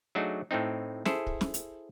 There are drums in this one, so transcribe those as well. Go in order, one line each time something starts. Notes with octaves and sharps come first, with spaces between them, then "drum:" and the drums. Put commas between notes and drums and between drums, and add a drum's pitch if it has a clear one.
F#3 A3 D4 D#4 F#4 G#4
A2 A3 C4 D#4
E4 G#4 A4 C5, drum: snare
drum: kick
drum: snare
drum: hi-hat